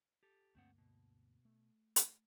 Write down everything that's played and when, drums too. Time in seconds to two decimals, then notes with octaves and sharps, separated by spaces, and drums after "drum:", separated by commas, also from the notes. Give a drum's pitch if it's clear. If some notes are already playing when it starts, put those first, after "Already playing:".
0.23 G4 A4
0.55 D2 G2 A3 A#3 C4 F#5
0.78 B2
1.45 A3
1.96 drum: hi-hat